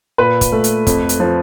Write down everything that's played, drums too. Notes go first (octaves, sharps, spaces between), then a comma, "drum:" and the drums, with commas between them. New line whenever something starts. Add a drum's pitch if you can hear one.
A#2 B4
drum: kick, hi-hat
A3
drum: hi-hat
F2, drum: kick, hi-hat
drum: hi-hat
F3